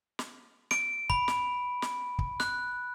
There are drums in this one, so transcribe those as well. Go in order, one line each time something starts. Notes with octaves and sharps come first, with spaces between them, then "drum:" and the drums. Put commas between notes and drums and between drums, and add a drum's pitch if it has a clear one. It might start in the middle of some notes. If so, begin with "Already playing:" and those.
drum: snare
D7, drum: snare
B5, drum: kick
drum: snare
drum: snare
drum: kick
F#6, drum: snare